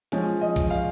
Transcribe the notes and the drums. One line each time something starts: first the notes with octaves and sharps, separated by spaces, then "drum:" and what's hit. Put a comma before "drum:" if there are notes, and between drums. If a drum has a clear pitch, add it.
F3 G#3 C#4, drum: hi-hat
D#5
drum: kick B1, hi-hat
F5